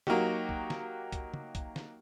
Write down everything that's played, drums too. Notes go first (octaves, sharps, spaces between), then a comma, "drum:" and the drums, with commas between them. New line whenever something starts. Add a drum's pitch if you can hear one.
F#3 A#3 D#4 F#4 G4, drum: snare
drum: kick
drum: snare
drum: kick, hi-hat
drum: tom
drum: kick, hi-hat
drum: snare